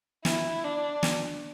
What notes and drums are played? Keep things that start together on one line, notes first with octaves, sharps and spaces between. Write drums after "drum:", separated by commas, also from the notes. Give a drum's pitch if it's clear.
E4, drum: snare
D4
drum: snare